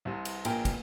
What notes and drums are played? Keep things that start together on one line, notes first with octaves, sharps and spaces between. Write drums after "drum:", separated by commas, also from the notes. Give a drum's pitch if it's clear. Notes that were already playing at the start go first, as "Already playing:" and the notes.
C2 C3
drum: cymbal
A#1 A#2 A#4 G5 G#5 F6, drum: cymbal
drum: kick, cymbal